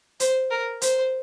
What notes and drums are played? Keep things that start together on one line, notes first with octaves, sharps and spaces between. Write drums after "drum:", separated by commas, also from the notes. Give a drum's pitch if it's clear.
C5, drum: hi-hat
A#4
C5, drum: hi-hat